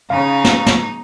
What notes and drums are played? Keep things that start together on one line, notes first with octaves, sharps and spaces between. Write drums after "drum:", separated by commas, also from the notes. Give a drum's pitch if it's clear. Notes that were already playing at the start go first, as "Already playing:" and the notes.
C#3 D#4 F5
drum: snare
drum: snare